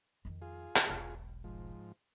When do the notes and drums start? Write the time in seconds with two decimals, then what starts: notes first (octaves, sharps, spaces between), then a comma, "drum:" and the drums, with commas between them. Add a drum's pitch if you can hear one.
0.25 F2 D#3
0.42 F4 G#4
0.76 drum: clap
0.87 E1 B1
1.44 G#2 F3